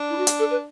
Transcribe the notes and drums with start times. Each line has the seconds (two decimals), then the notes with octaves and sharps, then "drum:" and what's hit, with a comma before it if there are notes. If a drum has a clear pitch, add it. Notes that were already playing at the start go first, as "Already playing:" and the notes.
Already playing: D4
0.10 E4
0.18 F#4
0.27 drum: hi-hat
0.39 A4
0.50 B4